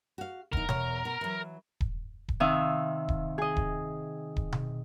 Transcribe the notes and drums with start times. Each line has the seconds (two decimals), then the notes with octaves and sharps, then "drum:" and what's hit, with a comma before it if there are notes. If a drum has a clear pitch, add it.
0.18 F#4 F5
0.53 E2 D#4 A#4, drum: kick D#1
0.69 E2 C#5, drum: tom B2
1.05 B2
1.21 E3 F#3
1.81 drum: kick D#1
2.29 drum: kick D#1
2.40 C3 D#3 E5 F5 D#6
3.08 drum: kick D#1
3.38 G#4 D#5
3.56 drum: kick D#1
4.36 drum: kick D#1
4.52 drum: tom B2